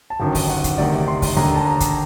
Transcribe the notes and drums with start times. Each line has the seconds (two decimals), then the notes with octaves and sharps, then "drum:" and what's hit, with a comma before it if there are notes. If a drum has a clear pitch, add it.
0.10 A5
0.20 G1 F#2 D#3 G5
0.35 drum: kick, open hi-hat
0.49 F#5
0.64 drum: kick, hi-hat
0.78 D2 C3 D#3 D5
1.08 C6
1.22 drum: kick, open hi-hat
1.37 D#2 D3 A#5
1.55 A5
1.66 A#5
1.80 drum: kick, hi-hat